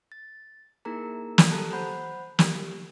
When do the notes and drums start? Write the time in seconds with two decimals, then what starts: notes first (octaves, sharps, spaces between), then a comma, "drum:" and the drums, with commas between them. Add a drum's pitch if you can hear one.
0.12 A6
0.85 A#3 D#4 E4 G#4 A#4 A#5
1.38 drum: snare
1.50 G4 A4 A5 A#5 F#6
1.73 C5 F#5 B5 G6
2.39 G4, drum: snare